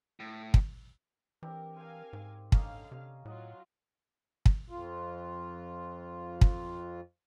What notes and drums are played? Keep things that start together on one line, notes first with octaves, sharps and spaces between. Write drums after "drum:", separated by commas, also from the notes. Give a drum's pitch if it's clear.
A2
drum: kick
E3 C4 D4 G4 A#4
A#4 C5 F5 G5 G#5
G#2
D3 A#3 C#4 D#5 F5, drum: kick
C3
A2 F#3 F4 D#5 F#5
drum: kick
F2 F4
drum: kick